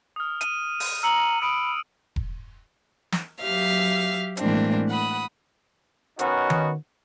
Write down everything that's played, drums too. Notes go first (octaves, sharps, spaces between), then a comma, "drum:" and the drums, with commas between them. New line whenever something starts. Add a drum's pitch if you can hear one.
D#6 F6
D#7, drum: hi-hat
drum: open hi-hat
A#5 E6 C#7 F#7
B5 D#6 D7
drum: kick E1
drum: snare
F#3 G4 E5 F5 F6
A2 E3 G#3 A#3 C4 D4, drum: hi-hat
F#5 B5 D#6
D#3 B3 C#4 D#4 F#4, drum: hi-hat
drum: tom D#3